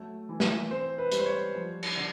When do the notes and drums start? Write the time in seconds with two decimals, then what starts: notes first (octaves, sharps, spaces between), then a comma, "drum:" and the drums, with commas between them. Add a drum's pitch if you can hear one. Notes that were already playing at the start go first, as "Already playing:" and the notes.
Already playing: F#3 A3
0.29 E3
0.40 drum: snare
0.70 C4 C5
0.98 B4
1.12 G3, drum: hi-hat
1.19 C5
1.26 C#5
1.55 F3
1.83 drum: cymbal
1.96 D3